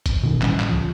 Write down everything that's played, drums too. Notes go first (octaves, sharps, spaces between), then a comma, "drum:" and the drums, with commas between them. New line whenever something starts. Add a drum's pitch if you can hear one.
drum: kick G1, hi-hat
B2 D#3
A1 E3 G3 C#4, drum: clap
drum: clap
C#2 F3